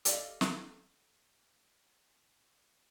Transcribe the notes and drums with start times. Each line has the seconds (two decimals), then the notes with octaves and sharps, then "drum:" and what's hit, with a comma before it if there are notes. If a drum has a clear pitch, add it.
0.05 G4 A4 D5 D#5 F5, drum: hi-hat
0.41 drum: snare